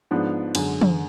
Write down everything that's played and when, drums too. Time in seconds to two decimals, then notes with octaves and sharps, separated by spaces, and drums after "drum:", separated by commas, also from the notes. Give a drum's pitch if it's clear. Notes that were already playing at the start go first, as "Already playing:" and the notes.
0.11 G#2 F3 B3 D4
0.55 F#2 D3 G#3, drum: cymbal
0.81 drum: tom